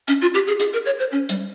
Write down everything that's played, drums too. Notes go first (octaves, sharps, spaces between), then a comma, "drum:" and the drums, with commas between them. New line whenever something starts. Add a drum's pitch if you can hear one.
C#4, drum: hi-hat
F4
G4
G#4
G#4, drum: hi-hat
A#4
C#5
C5
C#4
G3, drum: hi-hat